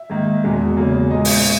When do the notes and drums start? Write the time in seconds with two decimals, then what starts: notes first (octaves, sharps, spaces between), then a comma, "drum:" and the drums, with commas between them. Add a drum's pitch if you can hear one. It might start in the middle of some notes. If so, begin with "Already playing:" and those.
Already playing: E5
0.10 G#2 D#3 A#3
0.44 E2 B2 G#3
0.77 E2 C#3 F#3 A#3
1.11 A#2 G#3 D#5
1.25 drum: open hi-hat